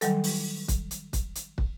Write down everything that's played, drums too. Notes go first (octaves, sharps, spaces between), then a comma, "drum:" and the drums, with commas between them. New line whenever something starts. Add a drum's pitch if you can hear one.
D#3 F#3 G3 A4, drum: hi-hat
drum: open hi-hat
drum: kick, hi-hat
drum: hi-hat
drum: kick, hi-hat
drum: hi-hat
drum: kick